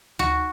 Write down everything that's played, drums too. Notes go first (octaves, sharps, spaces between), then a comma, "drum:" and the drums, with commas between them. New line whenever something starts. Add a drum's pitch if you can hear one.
F#4, drum: tom D2